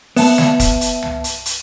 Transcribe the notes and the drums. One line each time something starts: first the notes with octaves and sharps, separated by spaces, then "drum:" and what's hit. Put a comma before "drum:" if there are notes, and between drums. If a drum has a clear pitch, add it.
B3 E5 A5, drum: open hi-hat
drum: snare
drum: kick, hi-hat
drum: hi-hat
drum: tom
drum: hi-hat
drum: hi-hat